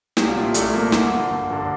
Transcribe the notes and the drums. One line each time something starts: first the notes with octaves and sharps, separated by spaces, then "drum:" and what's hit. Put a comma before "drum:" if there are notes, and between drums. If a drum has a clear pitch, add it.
C2 G4, drum: snare
F4
A#2 F3
E4
C2 A3, drum: hi-hat
A#2 F3 A#3
D2 A#3, drum: snare
D3 F3
G1
G2 D3